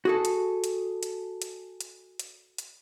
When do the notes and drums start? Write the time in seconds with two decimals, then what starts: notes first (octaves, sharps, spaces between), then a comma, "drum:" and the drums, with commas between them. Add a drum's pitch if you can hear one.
0.05 F#4 G#4 A4
0.25 drum: hi-hat
0.64 drum: hi-hat
1.03 drum: hi-hat
1.42 drum: hi-hat
1.81 drum: hi-hat
2.19 drum: hi-hat
2.58 drum: hi-hat